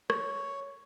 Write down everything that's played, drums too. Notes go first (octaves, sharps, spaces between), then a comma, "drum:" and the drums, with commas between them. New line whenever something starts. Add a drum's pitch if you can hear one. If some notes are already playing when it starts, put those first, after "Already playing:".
C#5, drum: rim click